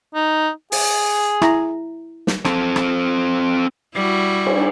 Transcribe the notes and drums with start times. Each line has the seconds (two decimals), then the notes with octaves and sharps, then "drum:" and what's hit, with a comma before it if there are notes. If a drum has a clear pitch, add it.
0.15 D#4
0.72 G#4, drum: open hi-hat
1.42 E4 A#5, drum: rim click
2.27 drum: snare
2.45 C4 A4, drum: rim click
2.76 drum: rim click
3.95 G3 E4 F#4
4.46 drum: cymbal